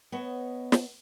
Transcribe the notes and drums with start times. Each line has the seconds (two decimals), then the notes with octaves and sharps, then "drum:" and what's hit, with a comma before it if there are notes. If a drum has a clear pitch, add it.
0.12 B3 C#5 D#5 A5
0.72 drum: snare